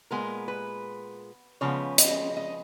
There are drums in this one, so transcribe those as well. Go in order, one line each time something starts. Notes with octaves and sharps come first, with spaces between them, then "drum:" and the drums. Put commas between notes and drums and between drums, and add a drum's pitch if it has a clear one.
A#2 G#3 B3 A#4
B4
C#3 F3 G#3 B3 C#5
D#5, drum: hi-hat
D#5